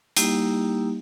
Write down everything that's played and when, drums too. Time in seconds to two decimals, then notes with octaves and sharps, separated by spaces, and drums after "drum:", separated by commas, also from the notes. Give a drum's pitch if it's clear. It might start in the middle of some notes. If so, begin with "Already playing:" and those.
0.17 G3 A#3 D#4 E4 G4, drum: hi-hat